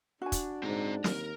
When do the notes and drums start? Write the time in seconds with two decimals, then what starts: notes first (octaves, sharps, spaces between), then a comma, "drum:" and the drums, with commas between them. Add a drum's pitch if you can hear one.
0.22 D4 F#4 G#5
0.32 drum: kick, hi-hat
0.64 G#2 C4 A#5
1.04 D#2 A#4, drum: snare